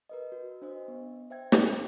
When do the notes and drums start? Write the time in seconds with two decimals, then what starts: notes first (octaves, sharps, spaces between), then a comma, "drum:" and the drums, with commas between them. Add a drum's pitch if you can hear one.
0.09 A#4 B4 D#5
0.32 F#4
0.62 D4 C5 D#5
0.88 B3
1.30 C5 E5 G5 G#6
1.52 F#4, drum: snare